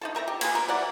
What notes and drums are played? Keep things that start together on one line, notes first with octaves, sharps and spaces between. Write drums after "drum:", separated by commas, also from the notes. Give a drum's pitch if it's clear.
D#4 F4 A4
A3 A#4 E5 A#5
G4
A#3 F4 G#4 B4, drum: cymbal
A#4
E3 D5 F#5